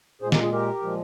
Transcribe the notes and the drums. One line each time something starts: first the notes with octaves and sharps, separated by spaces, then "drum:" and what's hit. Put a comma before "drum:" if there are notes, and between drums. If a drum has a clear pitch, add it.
A#2 G#3 G#4 C5
G4 A#4, drum: snare
F4 G#4
G4 A#4
A#2 F3 G#3